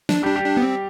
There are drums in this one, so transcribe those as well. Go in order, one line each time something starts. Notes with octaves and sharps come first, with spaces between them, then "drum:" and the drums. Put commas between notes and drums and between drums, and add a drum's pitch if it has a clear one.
D4, drum: snare
G3 G4
D4
G3 G4
D4
B3
C4